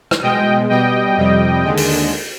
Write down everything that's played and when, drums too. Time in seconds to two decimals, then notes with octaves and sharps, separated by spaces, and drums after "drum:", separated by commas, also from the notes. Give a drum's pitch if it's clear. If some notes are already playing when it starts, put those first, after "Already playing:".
0.11 drum: rim click
0.22 B2 G#3 D#5 G5
0.70 B2 G3 D#5 G5
1.17 F2 C3 G3
1.64 D#2 D3 G#3
1.77 drum: open hi-hat